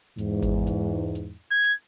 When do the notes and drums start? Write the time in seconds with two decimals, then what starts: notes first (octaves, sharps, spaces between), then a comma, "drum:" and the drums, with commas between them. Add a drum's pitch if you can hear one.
0.18 E2 G#2, drum: hi-hat
0.43 drum: kick G#1, hi-hat
0.67 drum: hi-hat
1.15 drum: hi-hat
1.51 G#6
1.63 drum: hi-hat